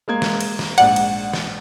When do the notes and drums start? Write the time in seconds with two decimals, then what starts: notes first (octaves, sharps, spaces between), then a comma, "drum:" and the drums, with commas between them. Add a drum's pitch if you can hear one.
0.08 G#3 A#3 G#6
0.22 drum: snare
0.41 drum: cymbal
0.59 drum: snare
0.78 A#1 G#2 D5 F#5, drum: cymbal
0.96 drum: cymbal
1.33 drum: snare